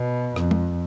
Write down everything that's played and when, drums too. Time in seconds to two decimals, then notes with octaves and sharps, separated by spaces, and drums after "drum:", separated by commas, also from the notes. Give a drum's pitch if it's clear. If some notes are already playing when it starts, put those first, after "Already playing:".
Already playing: B2
0.36 F2, drum: rim click
0.51 drum: tom